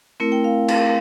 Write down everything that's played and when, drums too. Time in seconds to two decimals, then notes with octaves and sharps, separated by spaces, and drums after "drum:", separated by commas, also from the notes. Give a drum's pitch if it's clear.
0.20 A3 C4 E4 A#4
0.32 G5
0.44 F5
0.68 F5, drum: cymbal